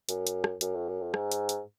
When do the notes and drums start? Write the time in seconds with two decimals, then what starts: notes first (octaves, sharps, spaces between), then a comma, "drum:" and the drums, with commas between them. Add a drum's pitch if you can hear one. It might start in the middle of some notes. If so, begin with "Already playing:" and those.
0.09 F#2, drum: hi-hat
0.27 drum: hi-hat
0.44 drum: rim click
0.61 F#2, drum: hi-hat
0.74 F2
0.88 F#2
1.01 F2
1.14 G#2, drum: rim click
1.32 drum: hi-hat
1.49 drum: hi-hat